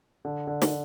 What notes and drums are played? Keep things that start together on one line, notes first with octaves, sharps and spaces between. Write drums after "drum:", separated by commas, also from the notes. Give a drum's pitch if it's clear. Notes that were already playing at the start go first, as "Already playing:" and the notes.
D3
D3
drum: snare